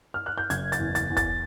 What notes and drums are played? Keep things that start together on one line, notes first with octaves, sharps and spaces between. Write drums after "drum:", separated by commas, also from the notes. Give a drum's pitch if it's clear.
F6
F#6
G6
F#1 G#6, drum: hi-hat
A6, drum: hi-hat
E2
A6, drum: hi-hat
E2
A6, drum: kick, hi-hat